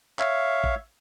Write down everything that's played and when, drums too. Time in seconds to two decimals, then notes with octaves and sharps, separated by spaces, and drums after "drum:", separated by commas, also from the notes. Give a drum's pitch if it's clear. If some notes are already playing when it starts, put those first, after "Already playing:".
0.19 C#5 E5 F5, drum: clap
0.64 drum: kick